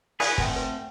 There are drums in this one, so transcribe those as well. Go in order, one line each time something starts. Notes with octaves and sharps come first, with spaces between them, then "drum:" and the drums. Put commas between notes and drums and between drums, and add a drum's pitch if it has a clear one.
G#4 B4 C#5 D5 G#5 D#6, drum: open hi-hat
A3 C4 B4 F#5 G5, drum: kick
B4